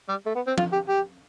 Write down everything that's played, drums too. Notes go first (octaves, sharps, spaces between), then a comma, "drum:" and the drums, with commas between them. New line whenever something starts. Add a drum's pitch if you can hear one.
G3
A3
B3
C4
F4, drum: tom F3
G4
G4